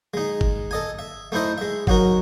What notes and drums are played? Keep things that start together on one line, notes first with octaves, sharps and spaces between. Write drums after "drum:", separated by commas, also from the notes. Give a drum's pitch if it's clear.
G#3 D#4
drum: kick G1
A4 D#5 G#5
E5
A3 D#4 E4 C5 D#5
G#3 E5
F#3 D#4 F#4 A#4, drum: kick G1